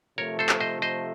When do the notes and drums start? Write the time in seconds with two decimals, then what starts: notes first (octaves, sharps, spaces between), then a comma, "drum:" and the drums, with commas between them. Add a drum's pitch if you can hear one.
0.18 C3 F3 A3 A#4 C#5
0.39 A4 C5
0.49 drum: clap
0.60 C5 D#5
0.82 C5 D#5